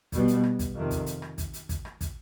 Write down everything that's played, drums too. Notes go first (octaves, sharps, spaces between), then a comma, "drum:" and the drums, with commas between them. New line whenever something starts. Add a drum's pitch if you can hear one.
B2 G3 B3, drum: kick, hi-hat
drum: hi-hat
drum: rim click
drum: kick, hi-hat
F2 C3 D#3
drum: kick, hi-hat
drum: hi-hat
drum: rim click
drum: kick, hi-hat
drum: hi-hat
drum: kick, hi-hat
drum: rim click
drum: kick, hi-hat